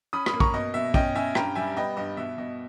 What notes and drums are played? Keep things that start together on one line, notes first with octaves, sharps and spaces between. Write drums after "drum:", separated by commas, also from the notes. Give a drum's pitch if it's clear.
C#4 B5 D#6
B5 D#6, drum: rim click
A#3
A#5 C#6, drum: kick
B2 D#5
B2 E5
C#4 D#5 G5, drum: kick
C#4 E5 G#5
G2 G5 A#5, drum: rim click
G3 E5 G#5
B3 D#5 G5
G2 D#5
B2 E5
B2 D#5